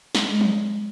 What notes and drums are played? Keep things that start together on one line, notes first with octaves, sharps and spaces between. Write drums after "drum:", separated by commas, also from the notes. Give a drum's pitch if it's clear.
drum: snare
G#3
drum: tom F3